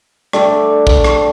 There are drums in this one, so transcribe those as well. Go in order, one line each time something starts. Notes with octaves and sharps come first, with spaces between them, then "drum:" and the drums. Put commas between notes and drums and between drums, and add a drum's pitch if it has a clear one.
G3 A3 D4, drum: rim click
drum: kick
drum: rim click